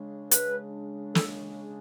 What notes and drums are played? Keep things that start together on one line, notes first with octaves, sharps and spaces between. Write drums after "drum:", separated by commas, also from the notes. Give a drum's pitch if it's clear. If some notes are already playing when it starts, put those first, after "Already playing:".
Already playing: C#3 G#3 D4
B4, drum: hi-hat
A4, drum: snare